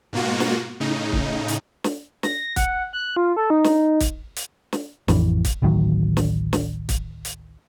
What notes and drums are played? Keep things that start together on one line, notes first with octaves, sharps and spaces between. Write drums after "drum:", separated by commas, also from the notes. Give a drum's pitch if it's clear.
G#2 B2 A#3 F4 F#4
drum: snare
A2 C#3 D#4
drum: kick
drum: hi-hat
drum: snare
A#6, drum: snare
F#5, drum: kick, hi-hat
F#6
F4
A4
D#4
drum: snare
drum: kick, hi-hat
drum: hi-hat
drum: snare
A1 F2 E3, drum: snare
drum: kick, hi-hat
D1 A1 D#3 F#3
drum: snare
drum: snare
drum: kick, hi-hat
drum: hi-hat